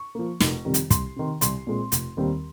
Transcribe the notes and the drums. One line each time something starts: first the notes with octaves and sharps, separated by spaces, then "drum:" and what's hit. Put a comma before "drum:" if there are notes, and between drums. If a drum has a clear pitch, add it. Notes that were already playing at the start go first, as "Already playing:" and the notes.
Already playing: C#6
F3 A#3
F1, drum: snare
F2 C3 D#3 G3
drum: hi-hat
C2 C6, drum: kick, hi-hat
C3 D#3
C2 C6, drum: hi-hat
A#2 G#3 C4
F1, drum: hi-hat
D#2 D#3 G3 C4